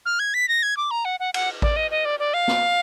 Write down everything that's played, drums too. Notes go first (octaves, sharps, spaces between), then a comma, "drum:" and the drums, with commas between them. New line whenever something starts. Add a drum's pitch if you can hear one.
F6
G#6
B6
A#6
G#6
D6
A#5
F#5
F#5
F#5, drum: cymbal
D5, drum: kick A1
D#5
D#5
D5
D5
F5
drum: snare